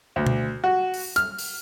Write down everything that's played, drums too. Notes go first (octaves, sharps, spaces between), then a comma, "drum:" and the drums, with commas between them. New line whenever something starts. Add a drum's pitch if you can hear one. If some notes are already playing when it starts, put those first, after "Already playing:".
D2
drum: tom
F#4
drum: open hi-hat
F6, drum: hi-hat
drum: open hi-hat